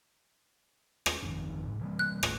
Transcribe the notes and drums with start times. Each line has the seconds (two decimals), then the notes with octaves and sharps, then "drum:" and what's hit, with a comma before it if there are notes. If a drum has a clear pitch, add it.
1.06 drum: rim click
1.22 G1 F2 D#3
1.67 D1 E2 G#2
1.81 E3 G3 A#3
1.99 F#6
2.23 G#1 A2, drum: rim click